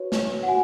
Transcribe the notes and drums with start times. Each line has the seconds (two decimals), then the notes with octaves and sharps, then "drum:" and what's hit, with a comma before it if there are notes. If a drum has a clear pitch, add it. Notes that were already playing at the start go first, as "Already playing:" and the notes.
Already playing: F#4 B4 C#5
0.12 drum: snare
0.43 F#5
0.48 F#4 G#5